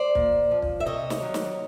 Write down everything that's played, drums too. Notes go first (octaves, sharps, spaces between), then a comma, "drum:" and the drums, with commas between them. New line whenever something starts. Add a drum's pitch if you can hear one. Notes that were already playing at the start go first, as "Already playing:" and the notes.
Already playing: C5 D5
A#2, drum: kick
F3
drum: kick
E5
C3 C#5 D#5
drum: snare
D#3 F#3
drum: snare